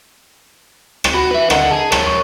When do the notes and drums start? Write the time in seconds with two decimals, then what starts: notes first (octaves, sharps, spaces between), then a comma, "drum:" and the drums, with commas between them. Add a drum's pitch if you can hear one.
1.04 drum: rim click
1.14 F#4 B5
1.31 B4 E5
1.50 D3 A#4 D#5 F#5 A#5, drum: rim click
1.71 G#4 A5
1.92 A#4 C#5 A#5, drum: rim click
2.06 C#6